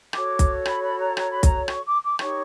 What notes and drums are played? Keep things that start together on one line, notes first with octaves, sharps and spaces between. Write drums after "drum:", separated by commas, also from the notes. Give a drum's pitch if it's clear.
F#4 A4 C#5 D6, drum: rim click
drum: kick, hi-hat
B5, drum: rim click
B5
A#5
A#5, drum: rim click
B5
A#5, drum: kick, hi-hat
C#6, drum: rim click
D6
D6
D#4 G4 A#4 C#5 C#6, drum: rim click